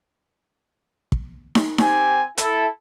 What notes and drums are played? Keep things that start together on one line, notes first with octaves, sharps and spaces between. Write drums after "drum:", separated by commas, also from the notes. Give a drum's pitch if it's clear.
drum: kick
drum: snare D#4
C4 G4 G#5, drum: snare D#4
E4 A4, drum: hi-hat